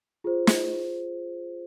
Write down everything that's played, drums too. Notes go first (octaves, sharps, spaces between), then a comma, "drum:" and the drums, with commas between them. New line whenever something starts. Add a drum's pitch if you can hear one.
F4 G#4 C5
drum: snare